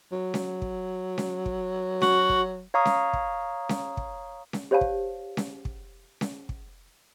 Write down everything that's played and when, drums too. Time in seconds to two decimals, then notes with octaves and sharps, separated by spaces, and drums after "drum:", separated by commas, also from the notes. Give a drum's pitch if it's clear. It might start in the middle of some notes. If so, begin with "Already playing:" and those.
0.12 F#3
0.34 drum: snare C#4
0.62 drum: kick
1.18 drum: snare C#4
1.46 drum: kick
2.02 F#4, drum: snare C#4
2.29 drum: kick
2.74 C#5 F5 A#5 C#6 D#6
2.85 drum: snare C#4
3.13 drum: kick
3.69 drum: snare C#4
3.97 drum: kick
4.53 drum: snare C#4
4.71 G4 C5 C#5 F5 A5
4.81 drum: kick
5.37 drum: snare C#4
5.65 drum: kick
6.21 drum: snare C#4
6.49 drum: kick